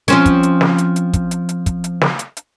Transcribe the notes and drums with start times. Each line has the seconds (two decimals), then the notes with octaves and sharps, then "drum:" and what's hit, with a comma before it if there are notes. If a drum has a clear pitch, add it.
0.08 F3 C4 C#4, drum: hi-hat
0.26 drum: kick, hi-hat
0.43 drum: hi-hat
0.61 drum: snare
0.78 drum: hi-hat
0.96 drum: hi-hat
1.14 drum: kick, hi-hat
1.31 drum: hi-hat
1.49 drum: hi-hat
1.66 drum: kick, hi-hat
1.84 drum: hi-hat
2.01 drum: snare
2.19 drum: hi-hat
2.37 drum: hi-hat